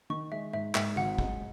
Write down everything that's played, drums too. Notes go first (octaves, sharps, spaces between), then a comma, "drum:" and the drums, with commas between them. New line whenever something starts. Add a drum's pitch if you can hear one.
D#3 C#6
G#3 E5
G#2 E5
G#2 E5, drum: clap
G#1 F#5
G#3, drum: kick